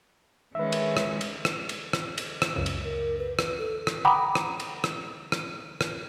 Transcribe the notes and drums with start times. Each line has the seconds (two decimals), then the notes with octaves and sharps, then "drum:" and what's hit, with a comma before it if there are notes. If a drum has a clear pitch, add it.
0.55 D#3 G#3 C#4 B4 E5
0.72 drum: cymbal
0.97 drum: rim click
1.21 drum: cymbal
1.45 drum: rim click
1.69 drum: cymbal
1.93 drum: rim click
2.18 drum: cymbal
2.42 drum: rim click
2.56 C#2 F#2 C#3
2.66 drum: cymbal
2.84 A#4
3.18 B4
3.39 B4, drum: rim click
3.59 A4
3.87 drum: rim click
4.05 F#5 G5 A#5 B5 D6 D#6
4.35 drum: rim click
4.60 drum: cymbal
4.84 drum: rim click
5.32 drum: rim click
5.81 drum: rim click